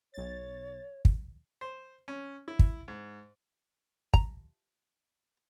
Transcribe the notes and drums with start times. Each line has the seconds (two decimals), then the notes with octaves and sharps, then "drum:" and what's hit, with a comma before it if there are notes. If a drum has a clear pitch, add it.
0.14 B1 C#5 A6
1.05 drum: kick
1.61 C5
2.08 C#4
2.48 E4
2.59 drum: kick
2.88 G#2
4.14 A#5, drum: kick